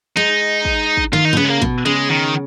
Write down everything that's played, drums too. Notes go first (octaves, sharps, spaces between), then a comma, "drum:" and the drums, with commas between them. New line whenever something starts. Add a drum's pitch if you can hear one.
G#3 D#4
drum: kick
drum: kick
D#3 F4
D#4
B2
C#3 B3
G#3
A#3
B2, drum: kick
C#3 G#3
D#3